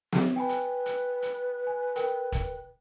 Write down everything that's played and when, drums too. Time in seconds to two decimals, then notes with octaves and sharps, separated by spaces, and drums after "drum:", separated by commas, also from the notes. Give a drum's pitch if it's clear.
0.12 drum: snare
0.36 B4 G5 G#5 B5
0.49 drum: hi-hat
0.86 drum: hi-hat
1.22 drum: hi-hat
1.67 G#5
1.96 A#4 G5, drum: hi-hat
2.32 drum: kick E1, hi-hat